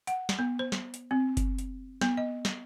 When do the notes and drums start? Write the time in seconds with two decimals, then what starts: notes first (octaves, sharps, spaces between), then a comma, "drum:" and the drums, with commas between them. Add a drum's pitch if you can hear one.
0.07 F#5, drum: hi-hat
0.29 drum: snare
0.39 B3
0.59 C5
0.72 drum: snare
0.94 drum: hi-hat
1.11 C4
1.37 drum: kick F#1, hi-hat
1.58 drum: hi-hat
2.01 B3, drum: snare
2.17 D#5
2.45 drum: snare